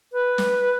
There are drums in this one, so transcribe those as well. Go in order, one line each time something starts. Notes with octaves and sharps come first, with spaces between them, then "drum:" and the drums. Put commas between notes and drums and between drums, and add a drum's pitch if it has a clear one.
B4
drum: snare